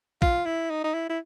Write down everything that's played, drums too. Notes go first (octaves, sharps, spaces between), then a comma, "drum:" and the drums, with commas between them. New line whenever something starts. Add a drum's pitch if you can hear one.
F4, drum: kick
E4
D#4
D#4
E4
E4